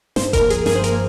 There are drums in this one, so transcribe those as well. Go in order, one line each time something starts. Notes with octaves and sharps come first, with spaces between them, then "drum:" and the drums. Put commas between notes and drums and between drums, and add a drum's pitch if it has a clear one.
G2 C5, drum: snare
A#4, drum: kick F1, hi-hat
F3 A#3
G#4, drum: hi-hat
G2 G#4, drum: snare
C5
A#4, drum: hi-hat
A#3